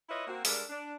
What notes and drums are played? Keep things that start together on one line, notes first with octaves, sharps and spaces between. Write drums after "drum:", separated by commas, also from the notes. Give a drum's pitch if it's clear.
E4 F4 B4 C#5 D#5 E5
A#3 C4 F#4
G3 G#3 D4 A4 A#4, drum: open hi-hat
D4